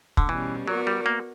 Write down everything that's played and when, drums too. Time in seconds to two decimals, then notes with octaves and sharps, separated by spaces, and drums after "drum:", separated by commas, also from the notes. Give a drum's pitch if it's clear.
0.17 D3, drum: kick
0.29 B2 E3 G3 C#4
0.67 F#3 B3 F#4 A#4 D5
0.87 G3
1.06 A#3